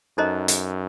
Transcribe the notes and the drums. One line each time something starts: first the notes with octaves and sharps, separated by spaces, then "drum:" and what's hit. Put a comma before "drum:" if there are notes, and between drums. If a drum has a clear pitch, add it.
F#2 D#4 A4 C5 D#5 A#5
drum: hi-hat